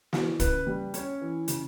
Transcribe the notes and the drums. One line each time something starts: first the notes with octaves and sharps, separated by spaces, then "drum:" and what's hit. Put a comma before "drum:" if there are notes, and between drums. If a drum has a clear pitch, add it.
E3, drum: snare
C#3 B4, drum: kick, hi-hat
G3
C#4 C#5, drum: hi-hat
E3
C#3, drum: hi-hat